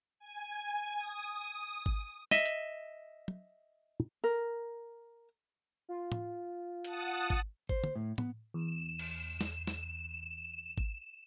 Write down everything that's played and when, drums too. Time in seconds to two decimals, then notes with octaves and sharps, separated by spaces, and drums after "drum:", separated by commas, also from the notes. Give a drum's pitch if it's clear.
0.19 G#5
0.98 D#6
1.86 drum: kick G#1
2.31 D#5 E5, drum: snare
2.46 drum: hi-hat
3.28 drum: tom
4.24 A#4
5.89 F4
6.12 drum: tom
6.85 F#5 A5 D#6, drum: hi-hat
7.30 drum: kick G#1
7.69 C5, drum: kick G#1
7.84 drum: tom
7.96 A2
8.18 B3, drum: tom
8.54 E2 E7
8.99 drum: cymbal
9.41 drum: snare
9.67 drum: snare
10.78 drum: kick G#1